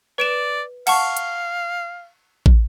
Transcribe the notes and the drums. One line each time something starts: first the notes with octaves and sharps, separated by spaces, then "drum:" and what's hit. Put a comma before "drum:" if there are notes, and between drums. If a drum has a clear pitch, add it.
B4 D5 D7 E7
F5 F#5 A5 C#6, drum: cymbal
drum: hi-hat
drum: kick